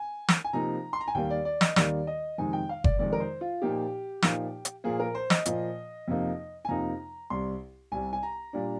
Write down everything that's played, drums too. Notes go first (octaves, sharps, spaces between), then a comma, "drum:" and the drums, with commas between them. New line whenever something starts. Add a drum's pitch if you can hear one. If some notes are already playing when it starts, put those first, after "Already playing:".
Already playing: G#5
drum: snare
G#5
C3 F3 A#3 D#4 A#5
C6
A#5
G#5
D#2 D#3 G3 A#3 G5
D5
D5
D#5, drum: snare
D#2 D#3 G3 A#3 D5, drum: snare
D#5
F2 C3 D#3 G#3 D#4 G#5
G5
F5
D5, drum: kick F#1
F2 C3 D#3 G#3 D#4 D5
A#4
C5
F4
A#2 F3 A#3 D#4 G4
A#2 F3 A#3 D#4, drum: snare
drum: hi-hat
A#2 F3 A#3 G#4
A#4
C5
D#5, drum: snare
A#2 F3 A#3, drum: hi-hat
F2 C3 F3 A#3 D#4
G#5
F2 C3 F3 A#3 D#4 A#5
C2 C3 G3 C6
C2 C3 G3 G#5
G#5
A#5
A#2 G3 D4